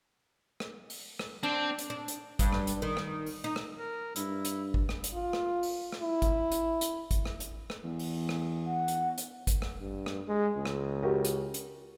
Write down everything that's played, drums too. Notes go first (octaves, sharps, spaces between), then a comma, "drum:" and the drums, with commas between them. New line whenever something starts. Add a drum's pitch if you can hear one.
drum: rim click
drum: open hi-hat
drum: rim click
C4 D4
drum: hi-hat
D4
drum: hi-hat
G2, drum: kick, hi-hat
drum: rim click
drum: hi-hat
D#3
drum: rim click
drum: open hi-hat
D#4
drum: rim click
A#4
G2 E4, drum: hi-hat
drum: hi-hat
drum: kick
drum: rim click
drum: hi-hat
F4
drum: rim click
drum: open hi-hat
drum: rim click
E4
drum: kick, hi-hat
drum: hi-hat
drum: hi-hat
drum: kick, hi-hat
drum: rim click
drum: hi-hat
drum: rim click
E2
drum: open hi-hat
drum: rim click
F#5
drum: hi-hat
drum: hi-hat
drum: kick, hi-hat
drum: rim click
G2
drum: rim click
G#3
C#2
drum: rim click
F#4 G4 A#4
drum: hi-hat
drum: hi-hat